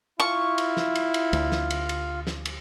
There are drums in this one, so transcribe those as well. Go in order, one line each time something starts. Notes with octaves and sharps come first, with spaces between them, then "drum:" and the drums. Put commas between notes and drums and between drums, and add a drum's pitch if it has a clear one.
E4 F4 C#6
drum: cymbal
drum: snare
drum: cymbal
drum: cymbal
D2, drum: cymbal
drum: snare
drum: cymbal
drum: cymbal
drum: snare
drum: cymbal